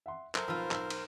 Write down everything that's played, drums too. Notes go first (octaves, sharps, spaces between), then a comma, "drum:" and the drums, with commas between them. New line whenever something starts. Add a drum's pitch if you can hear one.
E5 F#5 C6
F#3 A4 A#4 C5 E5, drum: clap
B1 F3 F4 B4 E6
B1 E6, drum: clap
drum: cymbal